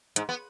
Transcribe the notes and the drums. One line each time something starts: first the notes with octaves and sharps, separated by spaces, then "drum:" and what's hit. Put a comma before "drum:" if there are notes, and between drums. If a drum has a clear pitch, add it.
G#2, drum: hi-hat
B3